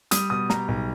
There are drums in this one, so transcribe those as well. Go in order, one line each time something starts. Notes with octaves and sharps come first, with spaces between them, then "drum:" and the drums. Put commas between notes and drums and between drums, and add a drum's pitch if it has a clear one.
G3 D#6, drum: hi-hat
B2 D#6
G3 A#5, drum: snare
B1